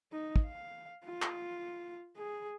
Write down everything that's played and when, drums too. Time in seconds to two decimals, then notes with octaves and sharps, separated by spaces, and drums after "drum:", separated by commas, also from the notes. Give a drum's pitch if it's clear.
0.12 D#4
0.36 drum: kick
0.46 F5
1.05 F4
1.22 drum: clap
2.17 G#4